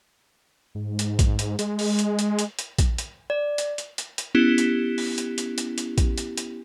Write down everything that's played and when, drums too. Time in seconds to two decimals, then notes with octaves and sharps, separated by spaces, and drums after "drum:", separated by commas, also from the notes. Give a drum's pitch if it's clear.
0.75 G#2
0.99 drum: hi-hat
1.19 drum: kick A#1, hi-hat
1.39 drum: hi-hat
1.59 G#3, drum: hi-hat
1.79 drum: open hi-hat
1.99 drum: hi-hat
2.19 drum: hi-hat
2.39 drum: hi-hat
2.59 drum: hi-hat
2.79 drum: kick A#1, hi-hat
2.98 drum: hi-hat
3.30 D5
3.58 drum: hi-hat
3.78 drum: hi-hat
3.98 drum: hi-hat
4.18 drum: hi-hat
4.35 B3 C#4 E4 G4
4.58 drum: hi-hat
4.98 drum: open hi-hat
5.18 drum: hi-hat
5.38 drum: hi-hat
5.58 drum: hi-hat
5.78 drum: hi-hat
5.98 drum: kick A#1, hi-hat
6.18 drum: hi-hat
6.37 drum: hi-hat